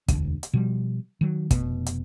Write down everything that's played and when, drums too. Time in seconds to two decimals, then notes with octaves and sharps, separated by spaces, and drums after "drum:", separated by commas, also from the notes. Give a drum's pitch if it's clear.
0.08 E1 D2, drum: kick, hi-hat
0.43 drum: hi-hat
0.54 B2 F3 G3
1.21 D#3 F#3
1.51 F1 B2, drum: kick, hi-hat
1.86 drum: hi-hat